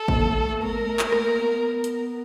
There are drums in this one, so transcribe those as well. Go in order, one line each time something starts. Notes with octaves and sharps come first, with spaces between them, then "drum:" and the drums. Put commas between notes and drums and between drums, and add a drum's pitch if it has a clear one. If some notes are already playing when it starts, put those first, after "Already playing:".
Already playing: A4
A#3, drum: kick G#1
A3
A3
B3 A#4
G#3
A3
drum: clap
A#3, drum: rim click
B3
drum: hi-hat